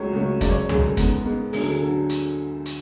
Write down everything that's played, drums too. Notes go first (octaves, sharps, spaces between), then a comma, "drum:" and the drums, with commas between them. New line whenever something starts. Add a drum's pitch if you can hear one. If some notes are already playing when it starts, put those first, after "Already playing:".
Already playing: C#2 C#3 F#3 A3 C#4 C#5
C#2 C#3 F#3 A3 C#4
F#2 C#3 G#3 D5, drum: kick, hi-hat
C#5
F#2 C#3 G#3 G#4, drum: tom
A4
G#2 G#3 B3, drum: kick, hi-hat
G#2 G#3 B3
D2 D3 F#3 G#4, drum: open hi-hat
A4
G#4
D3 F#3 A4
drum: hi-hat
drum: hi-hat